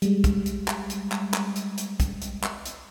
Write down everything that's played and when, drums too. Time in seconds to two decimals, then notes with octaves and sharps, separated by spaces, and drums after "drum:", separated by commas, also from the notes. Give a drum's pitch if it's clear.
0.02 G3 G#3, drum: hi-hat
0.24 drum: kick, hi-hat
0.46 drum: hi-hat
0.68 drum: clap
0.90 drum: hi-hat
1.12 drum: clap
1.34 drum: clap
1.56 drum: hi-hat
1.78 drum: hi-hat
2.00 drum: kick, hi-hat
2.22 drum: hi-hat
2.44 drum: clap
2.66 drum: hi-hat